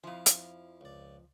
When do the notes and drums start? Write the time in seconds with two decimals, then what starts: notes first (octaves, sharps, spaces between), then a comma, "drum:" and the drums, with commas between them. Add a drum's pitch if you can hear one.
0.04 F2 F3 E4 F5
0.26 drum: hi-hat
0.81 C#2 D5